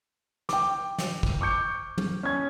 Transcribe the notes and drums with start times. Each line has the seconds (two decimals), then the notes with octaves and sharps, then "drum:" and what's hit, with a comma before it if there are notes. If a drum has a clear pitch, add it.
0.49 G5 D6, drum: snare
0.98 drum: snare
1.23 drum: kick
1.41 C#6 D6 G6 C#7
1.98 drum: tom
2.23 C#4 G#6